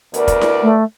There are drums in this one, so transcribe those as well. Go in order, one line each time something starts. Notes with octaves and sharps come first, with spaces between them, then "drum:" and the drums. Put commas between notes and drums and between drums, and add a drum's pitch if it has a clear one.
D2 B3 A#4 D5, drum: hi-hat
drum: kick, hi-hat
drum: snare E4
A3